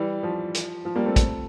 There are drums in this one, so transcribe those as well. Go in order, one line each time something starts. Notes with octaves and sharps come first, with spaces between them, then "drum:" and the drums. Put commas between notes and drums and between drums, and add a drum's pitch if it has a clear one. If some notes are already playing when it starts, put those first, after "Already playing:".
Already playing: E3 G3
F3
drum: hi-hat
F3
G3 A#3
A3 C4
drum: kick, hi-hat